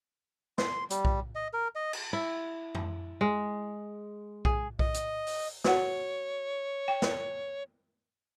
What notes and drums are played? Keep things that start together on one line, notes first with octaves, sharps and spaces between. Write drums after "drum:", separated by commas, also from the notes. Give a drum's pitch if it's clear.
C6, drum: snare
G3, drum: hi-hat
drum: kick B1
D#5
A#4
D#5
drum: cymbal
E4
drum: tom F2
G#3
G#4, drum: kick B1
D#5, drum: kick B1
drum: hi-hat
drum: open hi-hat
F#4 C#5 F#5, drum: snare
G5
drum: snare